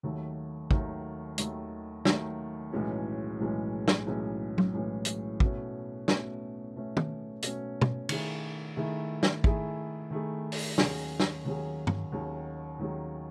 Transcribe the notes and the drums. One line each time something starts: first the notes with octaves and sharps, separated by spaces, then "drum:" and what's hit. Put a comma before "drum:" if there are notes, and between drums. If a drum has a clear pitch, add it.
D#2 D#3 F#3 A3
D#2 D#3 F#3 A3, drum: kick
D#2 D#3 F#3 A3, drum: hi-hat
D#2 D#3 F#3 A3, drum: snare
B1 A2 E3 G#3 C#4
B1 A2 E3 G#3 C#4
drum: snare
B1 A2 E3 G#3 C#4
drum: tom F#3
B1 A2 E3 G#3 C#4
drum: hi-hat
B2 A3 C#4, drum: kick
B2 A3 C#4, drum: snare
B2 A3 C#4
drum: tom
B2 A3 C#4, drum: hi-hat
drum: tom
D#3 A3 E4 G#4, drum: cymbal
D#3 A3 E4 G#4
drum: snare
D#3 A3 E4 G#4, drum: kick
D#3 A3 E4 G#4
drum: open hi-hat
D#2 D#3 F#3 C#4 G#4, drum: snare
drum: snare
D#2 D#3 F#3 C#4 G#4
drum: tom
D#2 D#3 F#3 C#4 G#4
D#2 D#3 F#3 C#4 G#4